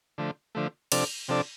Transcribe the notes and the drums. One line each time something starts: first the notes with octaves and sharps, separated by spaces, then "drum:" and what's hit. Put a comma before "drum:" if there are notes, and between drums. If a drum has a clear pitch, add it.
D3 F3 A3
D3 F3 A3
C3 F3 D4 A4 D5, drum: cymbal
C3 F3 D4 A4 D5